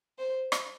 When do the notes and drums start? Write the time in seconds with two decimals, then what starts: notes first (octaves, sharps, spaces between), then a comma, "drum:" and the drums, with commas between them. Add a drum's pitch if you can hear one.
0.19 C5
0.52 drum: rim click